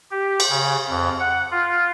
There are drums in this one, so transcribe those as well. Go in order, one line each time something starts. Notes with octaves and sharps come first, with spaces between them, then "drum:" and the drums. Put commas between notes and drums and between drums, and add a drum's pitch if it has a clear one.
G4
drum: cymbal
C#3
F2
F#5
F4